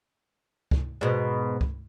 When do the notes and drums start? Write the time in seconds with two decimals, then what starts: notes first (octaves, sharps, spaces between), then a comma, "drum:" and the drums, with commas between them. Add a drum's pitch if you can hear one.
0.71 drum: kick C#2
1.01 G#2 B2
1.61 drum: kick C#2